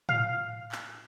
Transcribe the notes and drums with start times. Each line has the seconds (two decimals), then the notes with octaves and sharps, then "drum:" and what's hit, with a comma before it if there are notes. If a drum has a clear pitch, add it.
0.09 F5, drum: tom A2
0.72 drum: clap